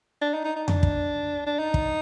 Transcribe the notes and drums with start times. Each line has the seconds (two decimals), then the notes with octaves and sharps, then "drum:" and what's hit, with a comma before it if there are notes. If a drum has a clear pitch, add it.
0.22 D4
0.34 D#4
0.45 D#4
0.56 D#4
0.68 D4, drum: tom F2
0.83 drum: kick
1.47 D4
1.59 D#4
1.74 drum: kick